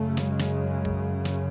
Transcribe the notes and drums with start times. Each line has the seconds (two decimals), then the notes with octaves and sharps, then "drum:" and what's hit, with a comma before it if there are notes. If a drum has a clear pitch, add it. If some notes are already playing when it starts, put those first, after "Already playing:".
Already playing: F#2 C#3 A3
0.17 drum: snare
0.26 G#3
0.40 drum: snare
0.85 drum: kick A#1
1.25 drum: snare